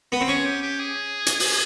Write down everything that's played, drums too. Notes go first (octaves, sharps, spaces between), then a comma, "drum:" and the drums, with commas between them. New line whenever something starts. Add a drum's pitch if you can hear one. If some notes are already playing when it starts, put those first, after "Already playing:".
B3
C4
C#4 G#4
G4
G4
G#4
drum: hi-hat
drum: open hi-hat